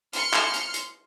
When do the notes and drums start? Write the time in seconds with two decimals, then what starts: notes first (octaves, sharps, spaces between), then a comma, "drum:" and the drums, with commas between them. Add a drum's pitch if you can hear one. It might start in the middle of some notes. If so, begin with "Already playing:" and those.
0.13 C6 F6 C#7, drum: hi-hat
0.33 drum: clap
0.54 drum: hi-hat
0.74 drum: hi-hat